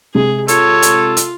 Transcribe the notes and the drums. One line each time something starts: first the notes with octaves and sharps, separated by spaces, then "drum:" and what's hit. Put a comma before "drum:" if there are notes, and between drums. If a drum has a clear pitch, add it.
C3 G#3 G#4
F4 A4 C#5, drum: hi-hat
drum: hi-hat
drum: hi-hat